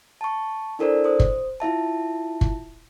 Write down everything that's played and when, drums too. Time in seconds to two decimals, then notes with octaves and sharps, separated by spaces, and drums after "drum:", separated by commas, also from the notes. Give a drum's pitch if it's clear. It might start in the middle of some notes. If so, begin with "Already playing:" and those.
0.21 A5 C#6
0.79 D4 E4 A4 A#4 C5 D5
1.04 C5 D#6
1.20 drum: kick
1.60 E4 F4 E5 A5
2.41 drum: kick